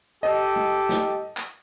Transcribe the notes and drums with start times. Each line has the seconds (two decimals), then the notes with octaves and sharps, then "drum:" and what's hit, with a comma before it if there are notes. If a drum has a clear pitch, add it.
0.23 G4 A4 D#5
0.56 drum: tom G#3
0.89 drum: snare
1.37 drum: clap